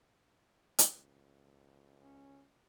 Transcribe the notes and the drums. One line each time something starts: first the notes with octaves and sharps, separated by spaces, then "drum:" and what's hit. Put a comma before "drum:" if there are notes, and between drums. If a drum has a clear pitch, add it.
drum: hi-hat
C#2
C#4